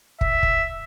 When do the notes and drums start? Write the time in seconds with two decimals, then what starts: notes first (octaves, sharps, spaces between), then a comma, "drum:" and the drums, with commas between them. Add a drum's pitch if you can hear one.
0.21 E5, drum: kick
0.43 drum: kick